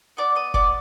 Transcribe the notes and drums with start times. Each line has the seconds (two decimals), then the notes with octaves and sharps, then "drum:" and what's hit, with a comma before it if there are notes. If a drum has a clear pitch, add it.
0.17 B3 D5 D6
0.35 D#5 D#6
0.54 B3 D5 D6, drum: kick F1